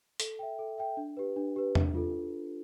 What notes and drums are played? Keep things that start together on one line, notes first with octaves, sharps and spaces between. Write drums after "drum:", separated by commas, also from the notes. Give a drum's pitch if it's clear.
A4, drum: hi-hat
E5 G5
A4
E5 G5
D4
G4 B4
D4
G4 B4
D4, drum: tom E2
F4 A4